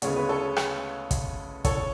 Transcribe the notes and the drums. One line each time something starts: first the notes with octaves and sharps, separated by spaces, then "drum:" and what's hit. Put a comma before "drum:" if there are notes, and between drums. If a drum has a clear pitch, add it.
D2 C#3 G#3 B3 C#5, drum: hi-hat
B4
A4 C#5
drum: rim click
drum: kick, hi-hat
A4 C#5, drum: kick, hi-hat